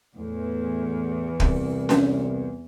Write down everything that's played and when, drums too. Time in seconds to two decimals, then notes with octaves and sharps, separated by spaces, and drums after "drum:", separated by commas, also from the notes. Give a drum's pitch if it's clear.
0.16 E2 A2
1.40 C2, drum: kick
1.89 drum: snare C#4